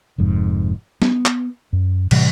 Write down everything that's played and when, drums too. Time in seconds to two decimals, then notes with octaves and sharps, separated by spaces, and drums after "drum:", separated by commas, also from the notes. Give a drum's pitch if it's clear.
0.18 F1 F2 G#2
1.02 B3, drum: snare
1.26 drum: clap
1.73 F#2
2.11 A2 C3 E3 G3, drum: cymbal